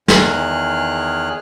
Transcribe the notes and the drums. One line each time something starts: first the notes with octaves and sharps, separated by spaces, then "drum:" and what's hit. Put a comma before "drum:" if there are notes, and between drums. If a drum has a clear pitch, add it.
E2 D#3 G#4 F6 F#6, drum: snare